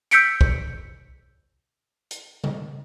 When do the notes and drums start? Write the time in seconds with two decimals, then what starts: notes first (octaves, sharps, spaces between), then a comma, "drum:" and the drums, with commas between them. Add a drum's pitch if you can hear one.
0.11 E6 G6 B6 C#7 D7, drum: hi-hat
0.41 drum: kick
2.11 drum: hi-hat
2.44 drum: tom C#3